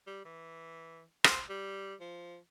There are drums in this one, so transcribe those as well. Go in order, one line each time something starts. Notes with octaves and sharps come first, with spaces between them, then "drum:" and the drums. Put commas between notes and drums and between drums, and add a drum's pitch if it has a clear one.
G3
E3
C5, drum: rim click
G3
F3